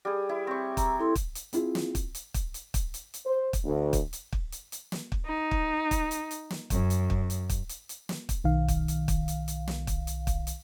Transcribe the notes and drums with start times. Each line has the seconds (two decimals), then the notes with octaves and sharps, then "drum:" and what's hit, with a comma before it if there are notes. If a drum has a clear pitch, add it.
0.05 G3 G#4
0.29 E4
0.47 C4 C#6
0.77 A#5, drum: kick, hi-hat
0.99 E4 A4 C6
1.15 drum: kick, hi-hat
1.35 drum: hi-hat
1.53 C4 E4 F4 G#4, drum: hi-hat
1.75 drum: snare
1.95 drum: kick, hi-hat
2.15 drum: hi-hat
2.34 drum: kick, hi-hat
2.54 drum: hi-hat
2.74 drum: kick, hi-hat
2.94 drum: hi-hat
3.14 drum: hi-hat
3.26 C5
3.53 drum: kick, hi-hat
3.65 D2
3.93 drum: kick, hi-hat
4.13 drum: hi-hat
4.32 drum: kick
4.52 drum: hi-hat
4.72 drum: hi-hat
4.92 drum: snare
5.12 drum: kick
5.26 D#4
5.51 drum: kick
5.91 drum: kick, hi-hat
6.11 drum: hi-hat
6.31 drum: hi-hat
6.50 drum: snare
6.70 F#2, drum: kick, hi-hat
6.90 drum: hi-hat
7.10 drum: kick
7.30 drum: hi-hat
7.50 drum: kick, hi-hat
7.69 drum: hi-hat
7.89 drum: hi-hat
8.09 drum: snare
8.29 drum: kick, hi-hat
8.44 B1 D#3 F5
8.68 drum: kick, hi-hat
8.88 drum: hi-hat
9.08 drum: kick, hi-hat
9.28 drum: hi-hat
9.48 drum: hi-hat
9.67 drum: snare
9.87 drum: kick, hi-hat
10.07 drum: hi-hat
10.27 drum: kick, hi-hat
10.47 drum: hi-hat